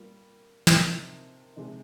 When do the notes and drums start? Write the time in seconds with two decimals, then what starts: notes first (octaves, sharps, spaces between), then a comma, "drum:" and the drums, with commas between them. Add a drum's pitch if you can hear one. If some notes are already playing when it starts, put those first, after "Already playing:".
Already playing: G3 A#3 F4
0.67 C3 F3 C4 D#4 A#4, drum: snare
1.56 C3 F3 G#3 D#4